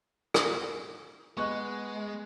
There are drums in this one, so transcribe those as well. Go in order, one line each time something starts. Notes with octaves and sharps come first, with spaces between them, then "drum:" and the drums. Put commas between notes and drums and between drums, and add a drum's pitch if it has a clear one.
drum: rim click
G#3 B3 D#5 C#6 F#6